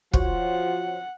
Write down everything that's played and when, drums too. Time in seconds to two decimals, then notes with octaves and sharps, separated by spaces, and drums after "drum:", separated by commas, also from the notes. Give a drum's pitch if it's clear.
0.13 F3 F#4 C5 C#5 F#5, drum: kick